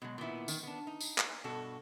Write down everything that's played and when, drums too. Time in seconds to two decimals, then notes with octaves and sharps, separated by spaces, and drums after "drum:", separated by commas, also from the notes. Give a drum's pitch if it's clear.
0.02 B2 F#3 G#3
0.18 A#2 D#3 B3 E4
0.48 D#3, drum: tambourine
0.63 B3 D4
0.87 D#4
1.01 drum: tambourine
1.18 drum: clap
1.44 G2 B2 F#4 A4